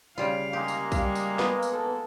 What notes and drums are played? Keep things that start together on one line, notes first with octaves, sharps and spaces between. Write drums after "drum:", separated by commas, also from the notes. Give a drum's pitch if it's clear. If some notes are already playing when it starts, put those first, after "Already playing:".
C#3 G3 F4 F5
G#3 A#3 G4
drum: tambourine
G3 F5, drum: kick B1, tambourine
drum: tambourine
B3, drum: snare
drum: tambourine
A4